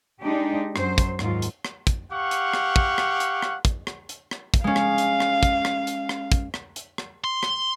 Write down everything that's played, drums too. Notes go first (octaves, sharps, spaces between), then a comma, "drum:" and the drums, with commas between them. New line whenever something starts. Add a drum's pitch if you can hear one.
G#3 D4 D#4 G4
F#2 F#3 C5, drum: rim click
drum: kick, hi-hat
D#2 G#2 F#3 F4, drum: rim click
drum: hi-hat
drum: rim click
drum: kick, hi-hat
G4 F5 F#5 C#6
drum: hi-hat
drum: rim click
drum: kick
drum: rim click
drum: hi-hat
drum: rim click
drum: kick, hi-hat
drum: rim click
drum: hi-hat
drum: rim click
drum: kick, hi-hat
G#3 C#4 F5
drum: rim click
drum: hi-hat
drum: rim click
drum: kick, hi-hat
drum: rim click
drum: hi-hat
drum: rim click
drum: kick, hi-hat
drum: rim click
drum: hi-hat
drum: rim click
C6
drum: rim click